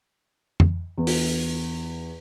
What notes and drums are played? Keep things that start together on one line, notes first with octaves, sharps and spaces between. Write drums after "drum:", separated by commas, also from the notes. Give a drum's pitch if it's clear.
drum: tom F2
E2
drum: open hi-hat